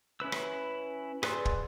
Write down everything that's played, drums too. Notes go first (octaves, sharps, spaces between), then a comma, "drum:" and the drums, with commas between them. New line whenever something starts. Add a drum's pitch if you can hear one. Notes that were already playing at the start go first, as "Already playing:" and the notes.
C#4 E4 B4 E6
drum: rim click
G#4 B4 D5 C6 E6, drum: rim click
drum: kick